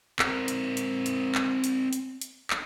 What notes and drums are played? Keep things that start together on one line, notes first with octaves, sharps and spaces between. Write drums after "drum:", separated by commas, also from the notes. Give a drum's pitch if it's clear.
C4 A#4, drum: clap
drum: hi-hat
drum: hi-hat
drum: hi-hat
drum: clap
drum: hi-hat
drum: hi-hat
drum: hi-hat
drum: clap